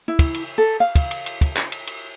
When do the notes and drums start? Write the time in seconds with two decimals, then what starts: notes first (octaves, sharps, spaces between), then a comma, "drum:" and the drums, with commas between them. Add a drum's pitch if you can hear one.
0.08 E4
0.19 drum: kick, cymbal
0.34 drum: cymbal
0.58 A4
0.80 F5
0.95 drum: kick, cymbal
1.11 drum: cymbal
1.26 drum: cymbal
1.41 drum: kick, cymbal
1.57 drum: clap
1.72 drum: cymbal
1.87 drum: cymbal